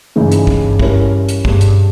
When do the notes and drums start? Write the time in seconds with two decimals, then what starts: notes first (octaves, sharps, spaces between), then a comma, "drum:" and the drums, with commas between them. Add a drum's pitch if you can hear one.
0.16 G2 C#3 E3 G#3 D#4
0.32 drum: hi-hat
0.47 G2, drum: kick
0.80 G3 C#4 E4 A#4 C#5, drum: kick
1.29 drum: hi-hat
1.45 G2 B2 G3 C#4 G#4, drum: kick
1.61 drum: hi-hat